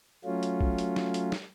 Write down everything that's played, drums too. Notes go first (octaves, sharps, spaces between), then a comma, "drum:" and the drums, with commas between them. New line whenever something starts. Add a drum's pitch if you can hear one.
F#3 A3 C#4 F4
drum: hi-hat
drum: kick B1
drum: hi-hat
drum: snare
drum: hi-hat
drum: snare